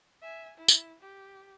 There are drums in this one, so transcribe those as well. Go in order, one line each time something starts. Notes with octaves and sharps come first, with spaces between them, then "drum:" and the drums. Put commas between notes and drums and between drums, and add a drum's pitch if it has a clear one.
E5 G#5
E4
drum: tambourine
G4